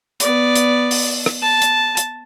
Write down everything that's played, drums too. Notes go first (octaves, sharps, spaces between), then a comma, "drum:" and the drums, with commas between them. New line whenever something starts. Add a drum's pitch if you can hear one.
B3 D5, drum: hi-hat
drum: hi-hat
drum: open hi-hat
drum: rim click
A5
drum: hi-hat
drum: hi-hat